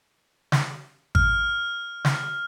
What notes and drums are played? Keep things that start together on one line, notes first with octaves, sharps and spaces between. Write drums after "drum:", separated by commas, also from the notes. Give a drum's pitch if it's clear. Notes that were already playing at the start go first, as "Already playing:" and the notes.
drum: snare
F6, drum: kick G#1
drum: snare